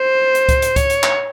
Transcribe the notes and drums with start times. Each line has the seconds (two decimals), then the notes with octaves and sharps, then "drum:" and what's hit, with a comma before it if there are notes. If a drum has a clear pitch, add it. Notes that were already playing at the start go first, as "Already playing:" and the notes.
Already playing: C5
0.35 drum: hi-hat
0.49 drum: kick C#2, hi-hat
0.62 drum: hi-hat
0.76 C#5, drum: kick C#2, hi-hat
0.90 drum: hi-hat
1.03 drum: clap